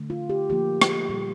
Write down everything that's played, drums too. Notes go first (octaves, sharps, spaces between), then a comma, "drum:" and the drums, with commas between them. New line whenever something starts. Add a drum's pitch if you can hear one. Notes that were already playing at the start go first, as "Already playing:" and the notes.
Already playing: D3 A3
F4
G4
D3 F3 A#3 G4
drum: rim click
A#2 G3 A#3